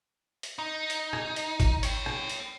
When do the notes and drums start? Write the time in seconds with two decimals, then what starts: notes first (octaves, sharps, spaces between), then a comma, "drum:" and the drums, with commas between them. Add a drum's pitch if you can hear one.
0.43 drum: hi-hat
0.59 D#4
0.90 drum: hi-hat
1.13 drum: rim click
1.36 drum: hi-hat
1.60 drum: kick, hi-hat
1.83 C#5 G5, drum: hi-hat
2.06 drum: rim click
2.29 drum: hi-hat